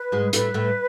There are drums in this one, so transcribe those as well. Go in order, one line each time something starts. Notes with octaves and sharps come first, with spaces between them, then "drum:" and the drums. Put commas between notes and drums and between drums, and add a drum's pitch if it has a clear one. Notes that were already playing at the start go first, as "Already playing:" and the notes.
Already playing: B4
G#2 G#3
A2 A3 B4, drum: hi-hat
A2 A3